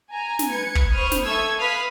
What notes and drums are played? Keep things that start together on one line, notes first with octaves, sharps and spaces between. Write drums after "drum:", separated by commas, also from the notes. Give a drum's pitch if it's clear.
G#5 A#5
drum: snare
B4 G#6 C#7
drum: kick
C5 B5 C#6 D#6 F6
drum: snare
A4 E5 C#6 D#6 E6 G#6
B4 F5 B5 D#6 F6 B6